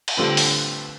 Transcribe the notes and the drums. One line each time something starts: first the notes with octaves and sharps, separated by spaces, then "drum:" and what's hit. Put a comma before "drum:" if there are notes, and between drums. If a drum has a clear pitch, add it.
drum: cymbal
A2 D3 G3 C4 F4 B4
drum: open hi-hat